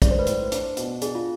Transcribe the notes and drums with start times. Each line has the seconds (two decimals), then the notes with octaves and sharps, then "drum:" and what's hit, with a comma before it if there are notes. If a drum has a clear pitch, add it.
0.02 G#3 D5, drum: kick, hi-hat
0.11 C5
0.19 B4
0.27 A2 C5, drum: hi-hat
0.52 D4, drum: hi-hat
0.77 B2, drum: hi-hat
1.01 D4 G#4, drum: hi-hat
1.15 F4